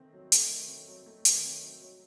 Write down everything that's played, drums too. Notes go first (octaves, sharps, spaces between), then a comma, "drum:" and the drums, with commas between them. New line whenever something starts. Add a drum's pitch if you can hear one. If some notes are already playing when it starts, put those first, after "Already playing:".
Already playing: D#3 A3 C4
F#3
A3, drum: hi-hat
D#3
C4
F#3
A3
D#3, drum: hi-hat
C4
F#3
F#3